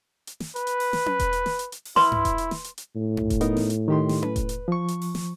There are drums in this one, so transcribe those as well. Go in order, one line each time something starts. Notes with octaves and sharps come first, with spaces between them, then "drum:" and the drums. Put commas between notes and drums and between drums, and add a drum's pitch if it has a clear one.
drum: hi-hat
drum: snare
B4, drum: hi-hat
drum: hi-hat
drum: open hi-hat
drum: snare
drum: tom C#4
drum: kick E1, hi-hat
drum: hi-hat
drum: snare
drum: hi-hat
drum: hi-hat
drum: open hi-hat
E4 B4 C6, drum: snare
drum: tom G2
drum: kick E1, hi-hat
drum: hi-hat
drum: snare
drum: hi-hat
drum: hi-hat
A2
drum: tom G2
drum: kick E1, hi-hat
B3 D#4 A#4, drum: hi-hat
drum: snare
drum: hi-hat
D#3 G4 C6
drum: snare
B4, drum: tom C#4
drum: kick E1, hi-hat
drum: hi-hat
F3 C#6
drum: hi-hat
drum: open hi-hat
drum: snare